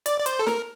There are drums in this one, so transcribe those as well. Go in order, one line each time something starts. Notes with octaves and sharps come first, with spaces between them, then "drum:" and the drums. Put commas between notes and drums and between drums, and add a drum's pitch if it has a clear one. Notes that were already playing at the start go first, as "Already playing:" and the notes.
D5, drum: hi-hat
D5
C5, drum: hi-hat
A4
A#4, drum: snare